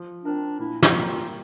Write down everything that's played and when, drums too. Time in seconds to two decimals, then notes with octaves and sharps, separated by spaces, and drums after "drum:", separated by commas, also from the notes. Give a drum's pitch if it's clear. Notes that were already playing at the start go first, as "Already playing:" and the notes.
Already playing: F3
0.25 C4 D4 F4 A#4
0.59 A#2 E4
0.82 F4, drum: snare
0.94 G3 A#3
1.06 F4